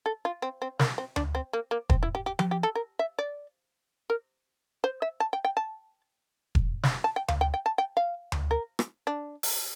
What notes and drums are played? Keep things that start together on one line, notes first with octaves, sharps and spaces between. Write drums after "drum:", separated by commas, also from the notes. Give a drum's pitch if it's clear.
A4
F4
C4
C4
A#3, drum: snare
C4
D4, drum: tom D2
C4
A#3
A#3
C4, drum: kick E1
E4
G4
G4
G4, drum: tom F3
G4
A4
A#4
E5
D5
A#4
C5
E5
A5
G5
G5
A5
drum: kick E1
drum: snare
A5
G5
F5, drum: tom D2
G5
G5
A5
G5
F5
drum: tom D2
A#4
drum: rim click
D4
drum: open hi-hat